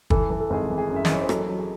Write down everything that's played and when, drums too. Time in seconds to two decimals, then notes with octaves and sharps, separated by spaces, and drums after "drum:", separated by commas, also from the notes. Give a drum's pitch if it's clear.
0.10 E3 A4, drum: kick
0.30 E3
0.40 A4
0.50 G#1 G#4
0.70 E3
0.78 G#4
0.90 F#2
0.96 E5
1.05 D#5, drum: snare
1.09 E3 C#5
1.21 C5
1.29 F#3 A4, drum: rim click
1.49 F#3
1.59 G#4